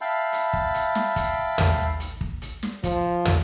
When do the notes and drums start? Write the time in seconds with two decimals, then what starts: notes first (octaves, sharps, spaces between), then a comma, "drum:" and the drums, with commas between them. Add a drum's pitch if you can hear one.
0.01 E5 F5 G5 A5 B5
0.32 drum: hi-hat
0.53 drum: kick
0.74 drum: hi-hat
0.95 drum: snare
1.16 drum: kick, hi-hat
1.58 drum: tom
2.00 drum: hi-hat
2.21 drum: kick
2.42 drum: hi-hat
2.63 drum: snare
2.84 F3, drum: kick, hi-hat
3.25 drum: tom